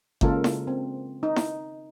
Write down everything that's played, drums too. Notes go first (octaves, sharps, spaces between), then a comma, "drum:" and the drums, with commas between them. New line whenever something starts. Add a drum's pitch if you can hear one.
C#3 G#3 A#3 F4 A4 A#4, drum: kick G1
drum: snare E4
C4
D#4
drum: snare E4